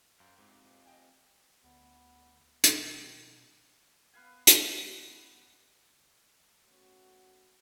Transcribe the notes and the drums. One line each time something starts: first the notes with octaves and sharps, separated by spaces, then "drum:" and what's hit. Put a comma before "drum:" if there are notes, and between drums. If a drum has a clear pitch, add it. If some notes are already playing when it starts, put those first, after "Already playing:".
F#2 F5 G5
F2 G#2 C3
D#5 G5 G#5
D2 B3
B2 D#3, drum: hi-hat
B3 B4 F5 G#5
drum: hi-hat
A3 B3 C#4 F#4